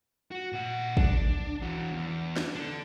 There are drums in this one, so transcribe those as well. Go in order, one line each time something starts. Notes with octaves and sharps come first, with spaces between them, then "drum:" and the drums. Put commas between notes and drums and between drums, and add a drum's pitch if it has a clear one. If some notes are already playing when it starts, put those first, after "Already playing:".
F#4
A#2 F#5
D4, drum: kick
E3 F#4
E2
drum: snare
D4 A4